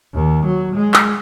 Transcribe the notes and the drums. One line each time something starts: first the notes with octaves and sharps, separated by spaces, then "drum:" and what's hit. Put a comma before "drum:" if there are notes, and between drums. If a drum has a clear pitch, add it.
D#2
F#3
G#3
drum: clap